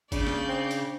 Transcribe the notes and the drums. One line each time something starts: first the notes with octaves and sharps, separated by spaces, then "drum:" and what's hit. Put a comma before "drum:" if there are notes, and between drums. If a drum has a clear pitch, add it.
C#3 D4 D5 G6, drum: kick G#1, hi-hat
drum: snare
C4
drum: hi-hat